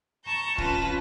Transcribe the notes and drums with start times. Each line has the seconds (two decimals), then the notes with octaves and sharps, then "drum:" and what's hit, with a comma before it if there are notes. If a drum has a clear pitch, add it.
0.24 A5 A#5 C#6 G6
0.58 F2 C#4 F4 B4 A5 A#6, drum: kick D1